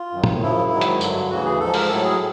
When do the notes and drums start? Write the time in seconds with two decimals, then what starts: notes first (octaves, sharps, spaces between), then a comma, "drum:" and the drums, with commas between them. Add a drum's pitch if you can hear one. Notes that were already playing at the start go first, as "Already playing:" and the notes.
Already playing: F4
0.12 F#2 D#3 F#3
0.24 drum: tom
0.41 F#2 C#3 F3 E4
0.71 G#2 D#3 F#3
0.81 drum: hi-hat
1.01 G2 D3 F#3, drum: tambourine
1.30 D2 C#3 E3 F#4
1.45 G#4
1.60 G#2 F3 A4
1.74 A#4, drum: open hi-hat
1.88 A2 F#3 A4
2.03 G#4